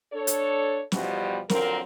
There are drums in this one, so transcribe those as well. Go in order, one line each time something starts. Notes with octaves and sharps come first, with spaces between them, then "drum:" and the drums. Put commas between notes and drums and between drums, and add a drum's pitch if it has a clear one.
D4 A4 C#5
drum: hi-hat
B2 E3 F3 G3, drum: snare
D3 F3 F#3 C4 A#4, drum: snare